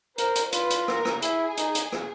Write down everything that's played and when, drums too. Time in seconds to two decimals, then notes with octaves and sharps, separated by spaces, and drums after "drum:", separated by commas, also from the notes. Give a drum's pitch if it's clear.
0.18 A#4 C5, drum: hi-hat
0.35 drum: hi-hat
0.52 F4 B4, drum: hi-hat
0.70 drum: hi-hat
0.88 A#4, drum: rim click
1.05 drum: rim click
1.22 E4 G#4, drum: hi-hat
1.57 D#4, drum: hi-hat
1.75 drum: hi-hat
1.92 drum: rim click